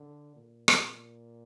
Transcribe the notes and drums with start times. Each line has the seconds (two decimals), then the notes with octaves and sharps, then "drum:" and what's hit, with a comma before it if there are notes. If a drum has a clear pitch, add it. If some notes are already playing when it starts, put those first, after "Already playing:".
Already playing: D3
0.35 A#2
0.68 A#2, drum: rim click